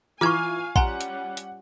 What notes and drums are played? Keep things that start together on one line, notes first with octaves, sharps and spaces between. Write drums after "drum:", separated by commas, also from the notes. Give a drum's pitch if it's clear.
E3 F4 F5 G#5 C#6 D6 F6 G#6
G3 C#4 F#5 G#5 A#5 C6, drum: kick A#1
drum: hi-hat
drum: hi-hat